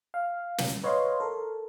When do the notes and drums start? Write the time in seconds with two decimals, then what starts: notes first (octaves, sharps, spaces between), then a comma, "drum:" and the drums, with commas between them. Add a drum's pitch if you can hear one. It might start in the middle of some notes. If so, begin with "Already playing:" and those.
0.14 F5
0.58 drum: snare
0.84 B4 C#5 D#5 F5 C6
1.20 A4 A#4